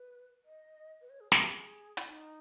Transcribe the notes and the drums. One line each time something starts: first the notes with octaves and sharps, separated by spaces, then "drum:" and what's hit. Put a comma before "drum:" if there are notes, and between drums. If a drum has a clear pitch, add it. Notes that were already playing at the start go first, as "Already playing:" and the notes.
Already playing: B4
D#5
B4
C#5
G#4
G#4, drum: snare
G4
G#4
drum: hi-hat
D#4